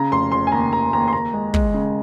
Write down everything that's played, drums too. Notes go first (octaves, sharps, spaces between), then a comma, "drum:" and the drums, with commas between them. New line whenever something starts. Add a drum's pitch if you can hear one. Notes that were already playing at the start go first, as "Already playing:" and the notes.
Already playing: C#3 A#5
F1 C6
F1 C6
G#5
D#2 A#5
D#2 A#5
D#2 A#5
C6
D#2 A#5
G#3
G#3, drum: kick
C#3